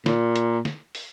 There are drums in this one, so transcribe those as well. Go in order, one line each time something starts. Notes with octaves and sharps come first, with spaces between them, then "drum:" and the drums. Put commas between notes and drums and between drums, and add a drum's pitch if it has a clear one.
A#2, drum: snare
drum: hi-hat
drum: snare
drum: open hi-hat